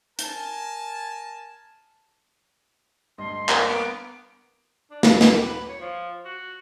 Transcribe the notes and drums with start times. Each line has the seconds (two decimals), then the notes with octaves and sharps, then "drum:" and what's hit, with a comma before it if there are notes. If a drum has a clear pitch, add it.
0.19 A#4 G#5 A5, drum: hi-hat
3.18 D2 G2 D#5 C6
3.49 A#3, drum: clap
3.68 B3 D7
4.91 D4
5.03 C#3, drum: snare
5.21 G4, drum: snare
5.45 B4
5.69 C#5
5.80 F3
6.25 F#4